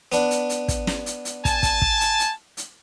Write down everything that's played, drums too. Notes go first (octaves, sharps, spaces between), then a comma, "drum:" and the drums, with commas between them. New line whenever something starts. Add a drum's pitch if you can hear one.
B3 D4, drum: hi-hat
drum: hi-hat
drum: hi-hat
drum: kick, hi-hat
drum: snare
drum: hi-hat
drum: hi-hat
G#5 A5, drum: kick, hi-hat
drum: kick, hi-hat
drum: kick
drum: hi-hat
drum: hi-hat
drum: hi-hat